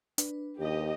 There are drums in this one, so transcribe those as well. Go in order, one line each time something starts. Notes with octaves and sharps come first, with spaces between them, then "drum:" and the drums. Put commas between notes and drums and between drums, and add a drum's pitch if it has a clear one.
D4 B4, drum: hi-hat
D#2 G4 D#5